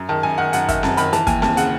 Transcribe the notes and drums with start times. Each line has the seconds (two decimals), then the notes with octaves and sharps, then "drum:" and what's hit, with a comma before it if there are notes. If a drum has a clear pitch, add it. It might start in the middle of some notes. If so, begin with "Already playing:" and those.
Already playing: F#2
0.09 D#3 A5
0.23 F#2 G#5
0.38 D#3 F#5
0.53 F#2 F#5, drum: hi-hat
0.69 D#3 E5, drum: kick, hi-hat
0.83 F#2 A5, drum: snare C4
0.97 D#3 B5, drum: hi-hat
1.13 E3 A5, drum: hi-hat
1.27 D#2 G#5, drum: kick, hi-hat
1.42 D#2 A5, drum: snare C4
1.57 C#3 F#5, drum: hi-hat